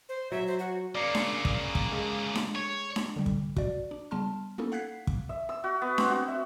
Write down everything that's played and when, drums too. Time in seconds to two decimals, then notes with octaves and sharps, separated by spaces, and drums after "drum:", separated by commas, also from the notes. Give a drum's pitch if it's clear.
0.09 C5
0.32 F#3 E5
0.47 C5
0.59 F#4
0.95 C#3 A#3 D5 C7 C#7
1.15 drum: snare D4
1.45 drum: kick
1.75 drum: kick
1.92 G#3
2.35 drum: snare D4
2.55 C#5
2.96 drum: snare D4
3.16 D3 G3
3.26 drum: kick
3.56 F#4 D5, drum: kick
3.91 D4
4.11 C#3 G3 B3 A5 C6 F6
4.58 A#3 B3 C#4 D#4 E4 A4
4.72 F5 F#5 F#6 G#6 B6 C7
5.07 drum: kick
5.29 E5
5.49 E6
5.64 F#4
5.82 B3
5.98 C4, drum: snare D4
6.11 F#4
6.28 E5